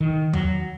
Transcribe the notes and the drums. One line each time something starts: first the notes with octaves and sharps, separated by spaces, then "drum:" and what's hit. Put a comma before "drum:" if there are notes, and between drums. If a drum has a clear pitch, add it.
D#3
F#3, drum: tom E2